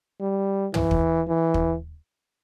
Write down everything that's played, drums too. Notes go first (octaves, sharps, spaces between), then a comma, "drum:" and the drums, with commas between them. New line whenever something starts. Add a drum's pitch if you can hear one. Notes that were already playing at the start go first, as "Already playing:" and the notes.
G3
E3, drum: tom
drum: kick
E3
drum: kick